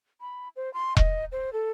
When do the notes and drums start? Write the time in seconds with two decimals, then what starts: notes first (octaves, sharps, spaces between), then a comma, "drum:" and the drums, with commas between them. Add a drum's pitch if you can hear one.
0.21 B5
0.56 C5
0.74 C6
0.97 D#5, drum: kick E1
1.32 C5
1.53 A4